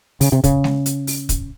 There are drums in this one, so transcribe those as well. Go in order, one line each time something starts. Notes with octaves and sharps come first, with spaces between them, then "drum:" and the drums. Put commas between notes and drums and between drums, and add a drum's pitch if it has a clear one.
C#3, drum: open hi-hat
C3
C#3, drum: kick, hi-hat
drum: snare G#3
drum: hi-hat
drum: open hi-hat
drum: kick, hi-hat